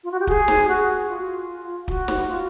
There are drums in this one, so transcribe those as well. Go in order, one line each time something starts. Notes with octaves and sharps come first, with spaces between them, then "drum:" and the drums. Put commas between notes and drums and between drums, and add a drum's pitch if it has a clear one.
F4
F#4
G4
G#4, drum: kick
drum: snare
F#4
F4
F#4, drum: kick
drum: snare
F4